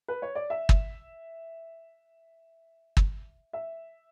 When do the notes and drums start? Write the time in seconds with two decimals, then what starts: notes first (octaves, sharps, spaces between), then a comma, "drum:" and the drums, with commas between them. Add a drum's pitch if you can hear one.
0.08 B4
0.22 C#5
0.35 D5
0.50 E5
0.69 drum: kick
2.97 drum: kick
3.53 E5